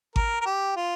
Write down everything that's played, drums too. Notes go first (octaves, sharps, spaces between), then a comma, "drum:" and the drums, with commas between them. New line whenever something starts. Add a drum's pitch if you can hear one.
A#4, drum: kick G#1
A#4
G4
F4